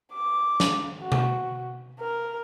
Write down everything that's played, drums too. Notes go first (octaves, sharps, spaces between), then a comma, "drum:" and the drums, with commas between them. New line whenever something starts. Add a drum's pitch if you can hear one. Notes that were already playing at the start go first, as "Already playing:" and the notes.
D6
drum: snare
F#4
drum: tom B2
A#4